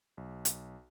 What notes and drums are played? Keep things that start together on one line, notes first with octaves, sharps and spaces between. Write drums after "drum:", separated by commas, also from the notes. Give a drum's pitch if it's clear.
B1
drum: hi-hat